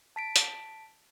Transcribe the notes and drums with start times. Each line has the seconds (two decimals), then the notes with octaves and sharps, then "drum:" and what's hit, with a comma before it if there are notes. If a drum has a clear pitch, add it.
0.16 A5 B6 D7
0.36 drum: hi-hat